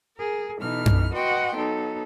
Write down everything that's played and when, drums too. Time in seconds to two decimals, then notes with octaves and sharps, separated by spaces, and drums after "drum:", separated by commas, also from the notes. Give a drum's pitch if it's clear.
0.17 G#4 A#4
0.58 B2 E3 D#4 A4 F6
0.86 drum: tom F#2
1.13 F#4 B4 D#5 F#5 G5 C6
1.54 F#3 B3 D#4 A4